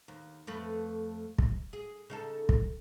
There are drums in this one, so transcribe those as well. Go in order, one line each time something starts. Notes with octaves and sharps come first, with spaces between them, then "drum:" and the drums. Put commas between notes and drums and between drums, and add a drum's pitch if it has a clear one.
D#2
F2 A3 B4
drum: kick
G#4
C#3 D#4 A4
drum: kick